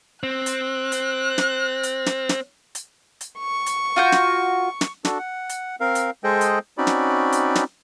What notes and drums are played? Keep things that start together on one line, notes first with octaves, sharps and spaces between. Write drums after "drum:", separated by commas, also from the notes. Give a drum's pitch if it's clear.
C4 F#6
drum: hi-hat
drum: hi-hat
drum: snare
drum: hi-hat
drum: snare
drum: snare
drum: hi-hat
drum: hi-hat
C#6
drum: hi-hat
F4 F#4 G6
drum: snare
drum: snare
D4 F#4 A4, drum: snare
F#5
drum: hi-hat
C4 A#4 F5
drum: hi-hat
G#3 G#4 A4 C5 D#5 G5
drum: hi-hat
C4 C#4 D#4 F#4 D5 B5
drum: snare
drum: hi-hat
drum: snare